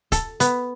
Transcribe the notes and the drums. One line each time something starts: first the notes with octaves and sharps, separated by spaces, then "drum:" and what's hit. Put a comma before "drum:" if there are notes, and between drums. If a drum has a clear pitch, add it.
A4, drum: kick, hi-hat
B3, drum: hi-hat